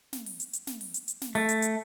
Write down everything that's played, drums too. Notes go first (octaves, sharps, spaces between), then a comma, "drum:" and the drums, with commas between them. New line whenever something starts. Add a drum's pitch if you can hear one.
drum: snare
drum: open hi-hat
drum: hi-hat
drum: hi-hat
drum: snare
drum: open hi-hat
drum: hi-hat
drum: hi-hat
drum: snare
A3, drum: open hi-hat
drum: hi-hat
drum: hi-hat